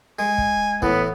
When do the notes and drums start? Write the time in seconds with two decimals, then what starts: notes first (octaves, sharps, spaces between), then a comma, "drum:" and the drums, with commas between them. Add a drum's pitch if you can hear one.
0.19 G#3 G#5
0.38 drum: kick
0.82 A2 E3 B3, drum: kick